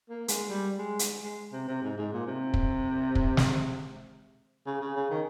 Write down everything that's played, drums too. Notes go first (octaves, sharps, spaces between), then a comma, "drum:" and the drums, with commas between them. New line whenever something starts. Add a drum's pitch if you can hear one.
A#3
G#3, drum: hi-hat
G3
G#3
drum: hi-hat
G#3
C3
C3
G#2
G#2
A#2
C3
drum: kick
drum: kick
drum: snare
C#3
C#3
C#3
D#3